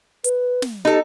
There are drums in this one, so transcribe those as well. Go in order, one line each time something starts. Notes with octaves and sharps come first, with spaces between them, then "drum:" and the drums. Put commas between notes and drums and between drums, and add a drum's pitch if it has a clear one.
B4, drum: hi-hat
drum: snare
D#4 G4 A4